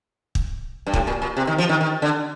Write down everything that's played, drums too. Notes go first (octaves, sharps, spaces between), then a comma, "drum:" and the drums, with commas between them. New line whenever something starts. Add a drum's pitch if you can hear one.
drum: kick
G2
A2, drum: kick
A#2
A#2
C3
D#3
F3
D#3
D#3
D3